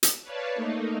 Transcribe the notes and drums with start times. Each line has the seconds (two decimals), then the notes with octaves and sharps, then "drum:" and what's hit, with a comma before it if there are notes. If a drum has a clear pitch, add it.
0.03 drum: hi-hat
0.23 B4 C#5 D5 F5 A5
0.55 A3 A#3 D#4